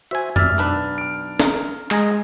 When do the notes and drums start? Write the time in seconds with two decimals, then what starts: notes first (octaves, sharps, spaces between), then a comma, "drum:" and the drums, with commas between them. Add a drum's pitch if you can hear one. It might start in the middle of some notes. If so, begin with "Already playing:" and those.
0.11 F#4 C5 E5 G#5
0.36 D5 E5 F6 A6, drum: tom F2
0.58 B1 D4 B4
0.98 F6 D7
1.40 A#5, drum: snare
1.91 G#3 D#5 G#5 A#5, drum: clap